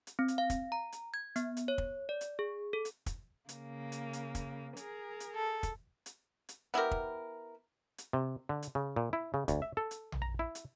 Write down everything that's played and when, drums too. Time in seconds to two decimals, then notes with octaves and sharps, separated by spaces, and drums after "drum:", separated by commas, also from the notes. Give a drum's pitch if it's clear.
0.07 drum: hi-hat
0.19 C4
0.28 drum: hi-hat
0.38 F5
0.50 drum: kick, hi-hat
0.72 A#5
0.92 drum: hi-hat
1.14 G#6
1.36 B3, drum: hi-hat
1.57 drum: hi-hat
1.68 C#5
1.78 drum: kick
2.09 D5
2.21 drum: hi-hat
2.39 G#4
2.73 A4
2.85 drum: hi-hat
3.06 drum: kick, hi-hat
3.49 C#3 A#3, drum: hi-hat
3.92 drum: hi-hat
4.13 drum: hi-hat
4.35 drum: kick, hi-hat
4.77 G#4 A#4, drum: hi-hat
5.20 drum: hi-hat
5.35 A4
5.63 drum: kick, hi-hat
6.06 drum: hi-hat
6.49 drum: hi-hat
6.74 B3 E4 G4 A#4
6.91 drum: kick
7.98 drum: hi-hat
8.13 C3
8.49 D3
8.63 drum: hi-hat
8.75 C#3
8.96 A#2
9.13 E4
9.34 C#3
9.48 D2, drum: kick, hi-hat
9.62 E5
9.77 A4
9.91 drum: hi-hat
10.12 drum: tom A#1
10.22 A#5
10.39 E4
10.55 drum: hi-hat